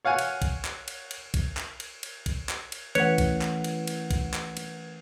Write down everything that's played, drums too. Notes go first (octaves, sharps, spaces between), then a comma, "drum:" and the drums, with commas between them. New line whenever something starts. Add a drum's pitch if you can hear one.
C#5 F5 F#5 G#5
drum: cymbal
drum: kick B1, cymbal
drum: clap
drum: cymbal
drum: cymbal
drum: kick B1, cymbal
drum: clap
drum: cymbal
drum: cymbal
drum: kick B1, cymbal
drum: clap
drum: cymbal
E3 A3 C#4 B4 C#5 F#5, drum: cymbal
drum: kick B1, cymbal
drum: clap
drum: cymbal
drum: cymbal
drum: kick B1, cymbal
drum: clap
drum: cymbal